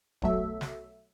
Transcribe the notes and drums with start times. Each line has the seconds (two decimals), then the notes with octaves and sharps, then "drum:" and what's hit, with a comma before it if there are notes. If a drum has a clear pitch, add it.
0.22 B1 B2 F#3 A3 E5, drum: kick D1
0.61 drum: snare